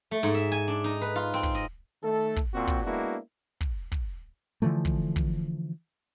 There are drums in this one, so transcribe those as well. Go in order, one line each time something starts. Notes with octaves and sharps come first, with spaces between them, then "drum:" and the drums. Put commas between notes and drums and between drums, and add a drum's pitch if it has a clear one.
A3
G#2
E5
G#5
D4
D#4
B4
F4
C4
drum: kick
D#5
D#3 A3 A4
drum: kick
A#2 C4 F#4
drum: kick
G#3 A#3 B3 D4 E4 F#4
drum: kick
drum: kick
D3 E3 F3 A3
drum: kick
drum: kick